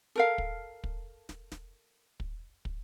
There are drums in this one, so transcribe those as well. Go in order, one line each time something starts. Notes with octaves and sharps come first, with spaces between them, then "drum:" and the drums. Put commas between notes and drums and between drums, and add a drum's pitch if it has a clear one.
A4 A#4 F5
drum: kick
drum: kick
drum: snare
drum: snare
drum: kick
drum: kick